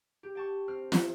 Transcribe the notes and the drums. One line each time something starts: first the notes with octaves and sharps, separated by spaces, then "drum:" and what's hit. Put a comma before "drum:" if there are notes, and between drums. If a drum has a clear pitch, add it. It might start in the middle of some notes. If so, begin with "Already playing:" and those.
G4
G5 A5 C#6
C4 F6
drum: snare